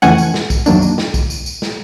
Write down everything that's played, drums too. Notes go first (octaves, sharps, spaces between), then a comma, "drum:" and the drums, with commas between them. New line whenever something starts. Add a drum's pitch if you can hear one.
F2 C#3 E3 A3 C#4 F#5 G#5, drum: tambourine
drum: tambourine
drum: snare
drum: kick, tambourine
F#2 D#3 F#3 A#3 D4, drum: tambourine
drum: tambourine
drum: snare
drum: kick, tambourine
drum: tambourine
drum: tambourine
drum: snare